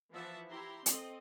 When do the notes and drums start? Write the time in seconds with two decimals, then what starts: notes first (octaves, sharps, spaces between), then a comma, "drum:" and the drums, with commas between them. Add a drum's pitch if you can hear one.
0.12 E3 F3 E5 F#5 A5
0.50 E4 G4 A#5 C6
0.86 C4 A4 D#5, drum: hi-hat